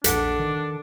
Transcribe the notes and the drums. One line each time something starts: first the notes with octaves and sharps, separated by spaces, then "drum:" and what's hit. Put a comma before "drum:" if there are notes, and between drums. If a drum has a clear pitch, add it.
A#1 E2 D4 A4 F#5 A5 B6, drum: hi-hat
D#3